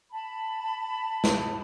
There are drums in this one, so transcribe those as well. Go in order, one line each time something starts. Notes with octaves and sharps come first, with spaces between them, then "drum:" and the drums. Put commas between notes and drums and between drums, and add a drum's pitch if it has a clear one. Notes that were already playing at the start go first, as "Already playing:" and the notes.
A5 B5
drum: snare